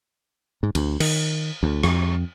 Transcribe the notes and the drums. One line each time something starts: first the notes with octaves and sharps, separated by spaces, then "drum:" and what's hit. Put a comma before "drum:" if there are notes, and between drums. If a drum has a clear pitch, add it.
G#2
D2, drum: cymbal
D#3, drum: cymbal
D2
F2, drum: rim click